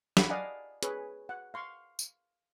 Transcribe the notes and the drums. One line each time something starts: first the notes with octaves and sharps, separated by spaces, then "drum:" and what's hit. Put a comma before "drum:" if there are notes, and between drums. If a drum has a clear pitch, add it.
F#5 B5, drum: snare
D5 D#5 F5 F#5 G#5 A#5
G#4 B4 C#5, drum: hi-hat
F#5
F5 C6 C#6
drum: tambourine